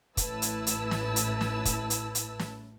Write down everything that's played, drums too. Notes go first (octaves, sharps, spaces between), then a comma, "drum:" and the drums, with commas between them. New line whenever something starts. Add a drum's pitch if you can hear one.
A1 A2 E4 B4 A5 E6, drum: kick, hi-hat
drum: hi-hat
drum: hi-hat
drum: snare
drum: hi-hat
drum: snare
drum: kick, hi-hat
drum: hi-hat
drum: hi-hat
drum: snare